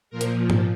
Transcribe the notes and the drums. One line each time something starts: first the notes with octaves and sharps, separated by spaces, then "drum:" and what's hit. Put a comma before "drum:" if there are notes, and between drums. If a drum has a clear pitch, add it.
A#2 F3 A#4
drum: hi-hat
drum: tom G#2